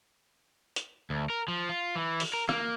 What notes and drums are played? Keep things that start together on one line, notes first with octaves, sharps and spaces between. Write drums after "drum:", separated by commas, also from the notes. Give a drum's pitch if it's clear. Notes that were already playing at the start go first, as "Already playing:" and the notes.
drum: hi-hat
D2
A#4
F3
F4
E3
drum: open hi-hat
A#4
A#3, drum: rim click